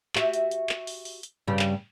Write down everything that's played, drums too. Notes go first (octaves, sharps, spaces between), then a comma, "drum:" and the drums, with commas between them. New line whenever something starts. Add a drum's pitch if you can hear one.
F#4 G4 E5, drum: clap
drum: hi-hat
drum: hi-hat
drum: clap
drum: open hi-hat
drum: open hi-hat
drum: hi-hat
G2 C#3 G3
drum: clap